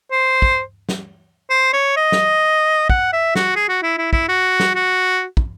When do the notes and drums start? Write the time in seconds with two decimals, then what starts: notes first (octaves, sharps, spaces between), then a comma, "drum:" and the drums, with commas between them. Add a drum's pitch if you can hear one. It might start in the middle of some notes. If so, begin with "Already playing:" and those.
0.11 C5
0.42 drum: kick
0.89 drum: snare
1.50 C5
1.73 C#5
1.97 D#5
2.12 drum: snare
2.90 F#5, drum: kick
3.13 E5
3.35 F#4, drum: snare
3.56 G#4
3.69 F#4
3.83 E4
3.98 E4
4.13 E4, drum: kick
4.29 F#4
4.60 drum: snare
4.75 F#4
5.37 drum: kick